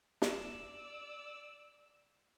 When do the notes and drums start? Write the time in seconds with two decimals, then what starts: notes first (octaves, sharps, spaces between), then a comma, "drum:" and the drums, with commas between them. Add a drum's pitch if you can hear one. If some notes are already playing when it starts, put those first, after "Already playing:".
0.22 D5 E6, drum: snare